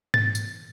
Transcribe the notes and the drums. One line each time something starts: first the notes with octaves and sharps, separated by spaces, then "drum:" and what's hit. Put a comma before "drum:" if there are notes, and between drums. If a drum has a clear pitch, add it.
A6, drum: tom G#2
drum: tambourine